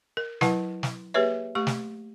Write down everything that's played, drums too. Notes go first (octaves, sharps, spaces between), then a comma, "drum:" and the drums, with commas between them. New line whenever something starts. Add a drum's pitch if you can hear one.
A#4
F#3 E4 B4 F#5 A5, drum: snare
drum: snare
A#3 G4 G#4 B4 C#5 E5
A3 G4 C#6
drum: snare